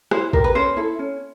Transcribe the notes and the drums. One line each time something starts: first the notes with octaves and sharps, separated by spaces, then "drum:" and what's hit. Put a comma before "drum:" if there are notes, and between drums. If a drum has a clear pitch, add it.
E4 C5, drum: rim click
G4 A#4, drum: kick
B4
C#4 C5
E4 A4
C#4